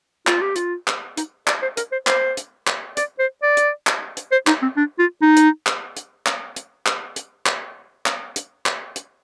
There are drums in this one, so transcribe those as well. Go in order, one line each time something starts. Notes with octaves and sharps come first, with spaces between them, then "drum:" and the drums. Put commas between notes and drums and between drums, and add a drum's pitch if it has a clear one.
F4, drum: clap
G4
F4, drum: hi-hat
drum: clap
D#4, drum: hi-hat
D5, drum: clap
C5
A#4, drum: hi-hat
C5
C5, drum: clap
drum: hi-hat
drum: clap
D5, drum: hi-hat
C5
D5
drum: hi-hat
drum: clap
drum: hi-hat
C5
D#4, drum: clap
C4
D4
F4
D#4
drum: hi-hat
drum: clap
drum: hi-hat
drum: clap
drum: hi-hat
drum: clap
drum: hi-hat
drum: clap
drum: clap
drum: hi-hat
drum: clap
drum: hi-hat